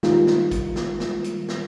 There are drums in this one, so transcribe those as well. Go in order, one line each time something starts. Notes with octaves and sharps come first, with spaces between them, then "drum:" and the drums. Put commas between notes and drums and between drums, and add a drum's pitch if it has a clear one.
D#3 G3 G#3 A#3 F4 A#4, drum: snare
drum: snare
drum: kick, hi-hat
drum: snare
drum: snare
drum: hi-hat
drum: snare